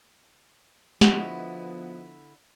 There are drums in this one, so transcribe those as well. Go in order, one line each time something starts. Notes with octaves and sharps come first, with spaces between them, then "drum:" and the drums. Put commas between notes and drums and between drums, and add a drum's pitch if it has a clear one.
D3 F3 B3 E4 F#4 D#5, drum: snare